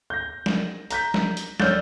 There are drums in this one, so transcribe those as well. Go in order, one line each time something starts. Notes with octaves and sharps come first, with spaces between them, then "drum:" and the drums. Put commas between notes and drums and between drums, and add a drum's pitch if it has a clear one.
G6 A#6
drum: snare
A#5 G6 B6, drum: hi-hat
drum: snare
drum: hi-hat
C#5 D5 E6 F6 G6 A6, drum: snare